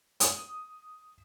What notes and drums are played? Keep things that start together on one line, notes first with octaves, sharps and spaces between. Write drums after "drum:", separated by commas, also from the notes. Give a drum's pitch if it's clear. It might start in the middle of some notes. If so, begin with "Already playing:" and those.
D#6, drum: hi-hat